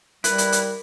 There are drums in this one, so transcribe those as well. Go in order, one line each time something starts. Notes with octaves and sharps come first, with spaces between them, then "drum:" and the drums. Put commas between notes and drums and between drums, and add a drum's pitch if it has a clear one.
G3 E4 A#4 B4 F#6, drum: hi-hat
drum: hi-hat
drum: hi-hat